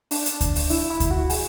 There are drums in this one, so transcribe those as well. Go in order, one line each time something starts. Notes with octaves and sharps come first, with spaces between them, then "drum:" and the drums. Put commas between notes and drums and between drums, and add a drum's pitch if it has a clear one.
D4, drum: open hi-hat
drum: hi-hat
drum: kick D2, hi-hat
drum: open hi-hat
E4, drum: open hi-hat
E4
drum: kick D2, hi-hat
F#4
G#4, drum: open hi-hat